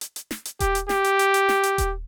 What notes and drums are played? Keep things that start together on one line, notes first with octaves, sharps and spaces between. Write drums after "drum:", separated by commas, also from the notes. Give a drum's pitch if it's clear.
drum: hi-hat
drum: hi-hat
drum: snare
drum: hi-hat
G4, drum: kick D#1, hi-hat
drum: hi-hat
G4, drum: snare
drum: hi-hat
drum: hi-hat
drum: hi-hat
drum: snare
drum: hi-hat
drum: kick D#1, hi-hat